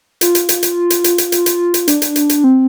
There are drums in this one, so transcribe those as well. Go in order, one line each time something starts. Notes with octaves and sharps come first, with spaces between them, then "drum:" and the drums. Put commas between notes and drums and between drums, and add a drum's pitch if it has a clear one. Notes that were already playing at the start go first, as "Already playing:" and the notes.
F4, drum: hi-hat
drum: hi-hat
drum: hi-hat
drum: hi-hat
drum: hi-hat
drum: hi-hat
drum: hi-hat
drum: hi-hat
drum: hi-hat
drum: hi-hat
D4, drum: hi-hat
drum: hi-hat
drum: hi-hat
drum: hi-hat
C4